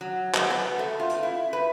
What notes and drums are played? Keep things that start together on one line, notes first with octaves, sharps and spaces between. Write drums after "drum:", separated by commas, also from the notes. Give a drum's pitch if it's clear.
F#3
F#3, drum: clap
B3
A3
F4
drum: hi-hat
E4
B4